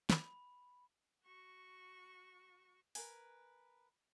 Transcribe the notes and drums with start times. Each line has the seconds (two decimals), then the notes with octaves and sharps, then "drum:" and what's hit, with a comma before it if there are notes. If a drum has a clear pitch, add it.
0.10 B5, drum: snare
1.25 F#4 C#6
2.95 A#4 B4 G#5, drum: open hi-hat